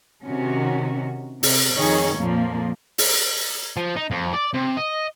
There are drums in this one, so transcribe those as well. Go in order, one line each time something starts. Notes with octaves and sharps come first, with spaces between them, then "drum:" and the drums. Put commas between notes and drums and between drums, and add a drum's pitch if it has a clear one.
C3 D#3 C#4 F#4
C3, drum: open hi-hat
F2 D#3 D#4 G#4 C#5
F2 A#2 F3 A#3
drum: open hi-hat
F3
D#4
F2
D5
C3
D#5